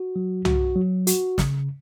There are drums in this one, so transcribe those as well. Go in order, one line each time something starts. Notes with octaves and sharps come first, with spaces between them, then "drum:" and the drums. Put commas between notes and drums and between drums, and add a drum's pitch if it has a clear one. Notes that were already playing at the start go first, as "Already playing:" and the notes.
Already playing: F#4
F#3
F#4, drum: tom C2
F#3
F#4, drum: hi-hat
C#3, drum: snare